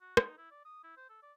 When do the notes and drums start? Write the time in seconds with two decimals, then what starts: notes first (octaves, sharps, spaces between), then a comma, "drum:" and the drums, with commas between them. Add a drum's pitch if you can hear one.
0.01 F#4
0.17 D#4, drum: rim click
0.38 E4
0.51 D5
0.65 D#6
0.83 E4
0.97 C5
1.09 A4
1.22 D5